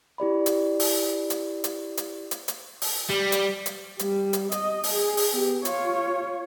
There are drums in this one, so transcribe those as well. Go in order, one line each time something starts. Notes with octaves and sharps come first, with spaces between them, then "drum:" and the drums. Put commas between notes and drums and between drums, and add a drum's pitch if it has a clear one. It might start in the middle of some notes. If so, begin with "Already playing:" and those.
E4 G4 D5 B5
drum: hi-hat
drum: open hi-hat
drum: hi-hat
drum: hi-hat
drum: hi-hat
drum: hi-hat
drum: hi-hat
drum: open hi-hat
G3
drum: hi-hat
drum: hi-hat
G3, drum: hi-hat
drum: hi-hat
D#5, drum: hi-hat
drum: open hi-hat
G#4
drum: open hi-hat
B3 G4
F4 C#5, drum: hi-hat